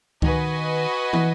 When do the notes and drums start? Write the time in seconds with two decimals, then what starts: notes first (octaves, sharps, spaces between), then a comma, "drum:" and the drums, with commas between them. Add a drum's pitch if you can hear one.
0.22 D#3 F#4 B4 D#5 G#5, drum: kick C#2
1.13 E3, drum: tom